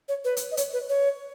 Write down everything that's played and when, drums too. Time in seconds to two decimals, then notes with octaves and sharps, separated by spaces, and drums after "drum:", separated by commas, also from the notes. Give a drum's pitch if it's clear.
0.09 C#5
0.25 B4
0.37 drum: hi-hat
0.52 D#5
0.57 C#5, drum: hi-hat
0.73 B4
0.89 C#5